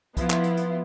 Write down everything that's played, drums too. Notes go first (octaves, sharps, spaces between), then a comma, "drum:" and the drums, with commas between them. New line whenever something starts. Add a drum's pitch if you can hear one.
F3 B3 E4 F4, drum: kick, hi-hat
drum: clap
drum: hi-hat
drum: hi-hat